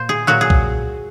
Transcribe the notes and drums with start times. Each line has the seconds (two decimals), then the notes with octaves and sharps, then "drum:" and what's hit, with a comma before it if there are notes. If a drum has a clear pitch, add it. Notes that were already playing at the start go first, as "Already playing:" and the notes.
Already playing: A#2 C5
0.09 G#4
0.27 A#2 F#3 F#4
0.41 G#4
0.50 drum: kick B1